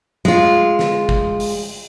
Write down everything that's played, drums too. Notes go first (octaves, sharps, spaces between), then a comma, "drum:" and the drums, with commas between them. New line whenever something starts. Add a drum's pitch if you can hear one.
G#3 F4
drum: snare
drum: kick
drum: open hi-hat